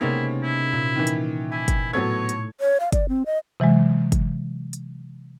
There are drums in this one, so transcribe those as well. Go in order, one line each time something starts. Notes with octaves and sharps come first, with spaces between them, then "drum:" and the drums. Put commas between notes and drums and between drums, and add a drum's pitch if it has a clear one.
C3 G#3 A#3 B3 C#4 D#4 E4
E4
A#2
D#3 E3
drum: hi-hat
E4 G#5
drum: kick, hi-hat
A2 F#3 A3 B3 C#5 G#6
drum: hi-hat
C#5
F5
D5, drum: kick, hi-hat
C4
D#5
C3 E3 F#3 G#3
drum: kick, hi-hat
drum: hi-hat